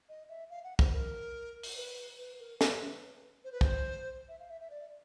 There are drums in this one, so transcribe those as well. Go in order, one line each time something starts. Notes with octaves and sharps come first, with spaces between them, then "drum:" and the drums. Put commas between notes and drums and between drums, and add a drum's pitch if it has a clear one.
D#5
E5
F5
F#5
C5, drum: kick
A#4
drum: open hi-hat
B4
B4
A#4
B4, drum: snare
C5
B4
C5, drum: kick
E5
F5
E5
E5
D5